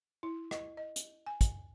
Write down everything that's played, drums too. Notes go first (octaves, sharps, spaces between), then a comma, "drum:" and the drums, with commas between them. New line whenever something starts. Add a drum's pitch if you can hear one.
E4
D#5, drum: rim click
D#5
drum: hi-hat
G#5
drum: kick, hi-hat